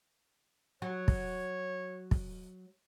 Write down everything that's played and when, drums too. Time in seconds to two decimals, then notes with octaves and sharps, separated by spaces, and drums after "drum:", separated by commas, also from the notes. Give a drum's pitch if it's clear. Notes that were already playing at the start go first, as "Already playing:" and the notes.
0.82 F#3 C#5
1.08 drum: kick
2.11 drum: kick